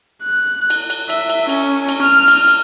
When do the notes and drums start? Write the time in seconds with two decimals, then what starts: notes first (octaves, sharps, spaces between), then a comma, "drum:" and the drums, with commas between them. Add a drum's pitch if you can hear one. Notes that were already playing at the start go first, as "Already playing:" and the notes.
0.23 F#6
0.70 drum: cymbal
0.90 drum: cymbal
1.09 E5, drum: cymbal
1.29 drum: cymbal
1.49 C#4, drum: cymbal
1.88 drum: cymbal
2.02 F6
2.28 drum: cymbal
2.48 drum: cymbal